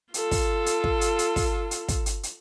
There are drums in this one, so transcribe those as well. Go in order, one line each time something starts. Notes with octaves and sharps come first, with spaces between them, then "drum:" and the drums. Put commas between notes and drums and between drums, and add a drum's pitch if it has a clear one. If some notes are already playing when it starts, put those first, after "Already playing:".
F4 A4, drum: hi-hat
drum: kick, open hi-hat
drum: hi-hat
drum: kick
drum: hi-hat
drum: hi-hat
drum: kick, open hi-hat
drum: hi-hat
drum: kick, hi-hat
drum: hi-hat
drum: hi-hat